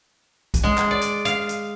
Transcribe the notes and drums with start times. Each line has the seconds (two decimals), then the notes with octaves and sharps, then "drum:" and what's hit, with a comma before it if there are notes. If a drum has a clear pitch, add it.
0.54 drum: kick B1, hi-hat
0.63 G#3
0.78 drum: clap
0.91 D5
1.01 drum: hi-hat
1.25 F5, drum: hi-hat
1.49 drum: hi-hat